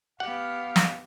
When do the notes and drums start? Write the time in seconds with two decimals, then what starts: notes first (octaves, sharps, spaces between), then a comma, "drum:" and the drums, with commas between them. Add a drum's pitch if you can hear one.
0.20 B3 G4 F5 F#5
0.76 drum: snare